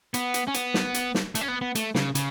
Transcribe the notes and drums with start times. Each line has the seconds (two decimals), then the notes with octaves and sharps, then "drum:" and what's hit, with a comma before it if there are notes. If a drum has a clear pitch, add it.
0.14 B3, drum: hi-hat
0.34 drum: hi-hat
0.47 C#4
0.54 B3, drum: hi-hat
0.74 drum: snare
0.94 drum: hi-hat
1.15 drum: snare
1.35 A3, drum: hi-hat
1.41 C#4
1.48 B3
1.61 B3
1.75 A3, drum: hi-hat
1.95 C#3, drum: snare
2.15 C#3, drum: hi-hat